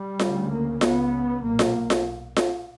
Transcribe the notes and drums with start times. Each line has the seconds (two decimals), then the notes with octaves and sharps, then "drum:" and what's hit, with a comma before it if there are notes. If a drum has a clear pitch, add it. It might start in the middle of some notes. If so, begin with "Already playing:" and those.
Already playing: G3
0.19 D2 C#3, drum: snare F4
0.51 A#3
0.81 C#2 C#3 B3, drum: snare F4
1.43 B1 A#2 A#3
1.59 drum: snare F4
1.90 drum: snare F4
2.36 drum: snare F4